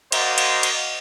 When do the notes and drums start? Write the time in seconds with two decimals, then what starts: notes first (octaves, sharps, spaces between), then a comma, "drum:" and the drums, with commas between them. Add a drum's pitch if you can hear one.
0.12 A#3 F#4 A#4 C5 D5 D#5, drum: cymbal
0.38 drum: cymbal
0.63 drum: cymbal